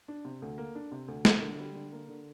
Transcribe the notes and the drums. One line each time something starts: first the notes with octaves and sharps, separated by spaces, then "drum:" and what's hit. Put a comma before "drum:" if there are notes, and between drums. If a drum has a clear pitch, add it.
D4
C3
D2
A#3
D4
C3
D2
A#3, drum: snare
D3
G3
D3
A#3
D3